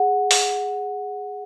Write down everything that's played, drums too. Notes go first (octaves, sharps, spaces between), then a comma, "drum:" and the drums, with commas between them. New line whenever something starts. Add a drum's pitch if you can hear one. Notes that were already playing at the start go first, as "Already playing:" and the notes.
Already playing: G#4 F#5
drum: open hi-hat